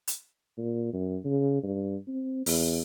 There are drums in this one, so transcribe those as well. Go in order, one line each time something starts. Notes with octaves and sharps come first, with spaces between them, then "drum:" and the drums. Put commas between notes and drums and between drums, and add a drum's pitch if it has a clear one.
drum: hi-hat
A#2
F#2
C#3
G2
C4
E2, drum: open hi-hat